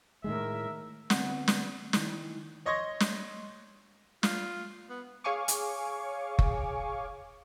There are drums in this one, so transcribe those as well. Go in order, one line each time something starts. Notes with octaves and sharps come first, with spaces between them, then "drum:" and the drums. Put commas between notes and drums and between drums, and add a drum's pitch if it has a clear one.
A2 D#3 G#3 A#4 E5
D2 C#3 B3 C4 F#5, drum: snare
drum: snare
D#3 E3, drum: snare
C#5 D#5 C6 C#6 G#6 A#6
drum: snare
F4, drum: snare
B3
G#4 C#5 F5 G#5 C#6 D6
drum: hi-hat
drum: kick F#1